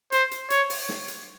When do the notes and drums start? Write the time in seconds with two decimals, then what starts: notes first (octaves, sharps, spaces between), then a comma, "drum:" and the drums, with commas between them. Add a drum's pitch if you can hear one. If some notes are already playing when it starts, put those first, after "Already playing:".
0.12 C5, drum: hi-hat
0.31 drum: hi-hat
0.50 C#5, drum: hi-hat
0.70 drum: open hi-hat
0.89 drum: snare
1.08 drum: hi-hat